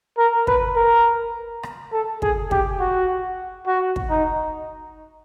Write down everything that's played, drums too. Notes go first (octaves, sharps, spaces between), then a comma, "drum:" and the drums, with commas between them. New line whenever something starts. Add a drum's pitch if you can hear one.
A#4
B4, drum: kick
A#4
drum: rim click
A4
G#4, drum: kick
G4, drum: kick
F#4
F#4
drum: kick
D#4